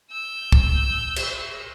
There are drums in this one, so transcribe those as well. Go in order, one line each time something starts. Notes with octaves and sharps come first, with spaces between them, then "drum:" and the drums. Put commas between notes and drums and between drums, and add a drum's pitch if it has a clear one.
E6 G6
drum: kick
drum: cymbal